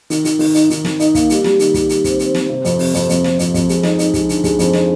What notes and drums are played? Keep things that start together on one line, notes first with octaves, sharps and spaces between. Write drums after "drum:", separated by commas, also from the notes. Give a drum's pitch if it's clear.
D#3, drum: hi-hat
D#3, drum: hi-hat
D#3, drum: open hi-hat
D#4, drum: hi-hat
D#3, drum: hi-hat
D#3, drum: snare
D#4, drum: hi-hat
A#3, drum: kick, hi-hat
G3, drum: hi-hat
G3, drum: snare
D#3, drum: hi-hat
G3, drum: kick, hi-hat
G3, drum: hi-hat
C4, drum: kick, hi-hat
C4, drum: hi-hat
C4, drum: snare
C3
F2, drum: hi-hat
C3, drum: open hi-hat
F2, drum: hi-hat
F2, drum: hi-hat
F2, drum: snare
F2, drum: hi-hat
F2, drum: kick, hi-hat
G#3, drum: hi-hat
D#4, drum: snare
D#4, drum: hi-hat
G#3, drum: kick, hi-hat
D3, drum: hi-hat
G#3, drum: kick, hi-hat
F2, drum: hi-hat
D#4, drum: snare